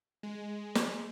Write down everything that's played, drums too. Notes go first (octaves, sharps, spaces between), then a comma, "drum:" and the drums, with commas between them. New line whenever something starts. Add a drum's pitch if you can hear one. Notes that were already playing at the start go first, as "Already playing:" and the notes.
G#3
drum: snare